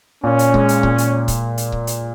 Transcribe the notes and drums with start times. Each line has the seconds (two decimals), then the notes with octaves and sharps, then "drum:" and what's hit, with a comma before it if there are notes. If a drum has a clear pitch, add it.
0.24 A#2 C#4
0.39 drum: hi-hat
0.54 G#3, drum: kick C#1
0.69 drum: hi-hat
0.83 A#2, drum: kick C#1
0.98 drum: hi-hat
1.28 drum: kick C#1, hi-hat
1.58 drum: hi-hat
1.72 drum: kick C#1
1.87 drum: hi-hat